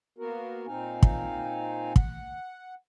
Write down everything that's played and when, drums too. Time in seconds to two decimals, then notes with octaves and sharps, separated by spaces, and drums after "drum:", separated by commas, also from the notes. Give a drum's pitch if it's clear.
0.18 A#3 B3 F#4 A#4
0.67 A#2 C4 D#4 F5 G#5
1.03 drum: kick
1.96 F#5, drum: kick